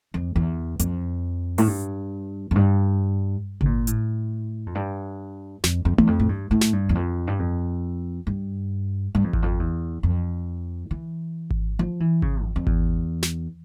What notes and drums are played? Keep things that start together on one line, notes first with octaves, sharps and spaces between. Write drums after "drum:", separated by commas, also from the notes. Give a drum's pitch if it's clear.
F2
E2
F2, drum: hi-hat
A2, drum: open hi-hat
G2
F2
G2
C#3, drum: kick G#1
A#2
A2, drum: hi-hat
F2
G2
F2, drum: snare
F2
E2, drum: tom A3
F2
A2
G2
A2
drum: snare
G2
E2
F2
G2
F2
G2
G2
F2
E2, drum: kick G#1
F2
E2
F2
E3
drum: kick G#1
F3
E3
C#3, drum: kick G#1
F2
F2
E2, drum: kick G#1
drum: snare